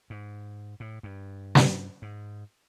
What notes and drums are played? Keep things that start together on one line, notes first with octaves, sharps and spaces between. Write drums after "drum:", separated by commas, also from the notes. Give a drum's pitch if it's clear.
G#2
A2
G2
drum: snare
G#2